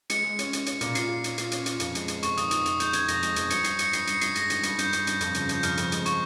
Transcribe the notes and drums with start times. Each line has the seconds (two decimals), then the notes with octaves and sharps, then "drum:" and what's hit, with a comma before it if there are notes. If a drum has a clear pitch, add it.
0.10 G#3 C#7, drum: hi-hat
0.24 G#3
0.39 C#4, drum: hi-hat
0.53 C#4, drum: hi-hat
0.66 C#4, drum: hi-hat
0.81 A#2, drum: hi-hat
0.95 F4 C7, drum: hi-hat
1.09 F4
1.24 C#4, drum: hi-hat
1.38 F4 C7, drum: hi-hat
1.52 C#4, drum: hi-hat
1.66 F4, drum: hi-hat
1.80 F2, drum: hi-hat
1.95 G#3, drum: hi-hat
2.08 G#3, drum: hi-hat
2.23 F2 C#6, drum: hi-hat
2.37 D#3 D#6, drum: hi-hat
2.51 D#3 D#6, drum: hi-hat
2.66 F2 D#6, drum: hi-hat
2.80 G#3 G6, drum: hi-hat
2.93 D#3 G#6, drum: hi-hat
3.08 F2 A#6, drum: hi-hat
3.23 G#3, drum: hi-hat
3.36 F2, drum: hi-hat
3.50 G2 C#7, drum: hi-hat
3.64 G2 C7, drum: hi-hat
3.79 G2 C#7, drum: hi-hat
3.93 G2 C7, drum: hi-hat
4.07 G2 C#7, drum: hi-hat
4.21 G2 C7, drum: hi-hat
4.35 G#3 A#6, drum: hi-hat
4.50 D#3, drum: hi-hat
4.63 G2, drum: hi-hat
4.79 G2 G6, drum: hi-hat
4.93 G2, drum: hi-hat
5.07 G2, drum: hi-hat
5.21 F2, drum: hi-hat
5.34 C#3, drum: hi-hat
5.49 F3 G6, drum: hi-hat
5.63 F2 F6, drum: hi-hat
5.77 F2, drum: hi-hat
5.92 G#3, drum: hi-hat
6.06 C#6, drum: hi-hat